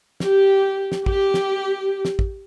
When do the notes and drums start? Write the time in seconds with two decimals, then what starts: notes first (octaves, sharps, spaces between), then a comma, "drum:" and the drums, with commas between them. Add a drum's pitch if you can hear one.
0.20 G4, drum: snare
0.92 drum: snare
1.06 G4, drum: kick
1.34 drum: snare
2.05 drum: snare
2.19 drum: kick